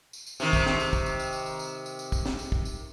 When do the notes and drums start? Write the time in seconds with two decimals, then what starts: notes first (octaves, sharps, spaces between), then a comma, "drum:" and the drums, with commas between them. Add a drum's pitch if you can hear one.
0.13 drum: tambourine
0.27 drum: tambourine
0.40 C3 D#3, drum: tambourine
0.53 drum: kick, tambourine
0.66 drum: snare
0.80 drum: tambourine
0.93 drum: kick, tambourine
1.06 drum: tambourine
1.19 drum: tambourine
1.33 drum: tambourine
1.46 drum: tambourine
1.59 drum: tambourine
1.86 drum: tambourine
1.99 drum: tambourine
2.12 drum: kick, tambourine
2.26 drum: snare
2.39 drum: tambourine
2.52 drum: kick
2.65 drum: tambourine